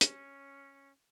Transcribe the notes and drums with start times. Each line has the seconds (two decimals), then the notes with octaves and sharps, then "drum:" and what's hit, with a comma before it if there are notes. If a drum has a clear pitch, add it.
0.01 C#4, drum: hi-hat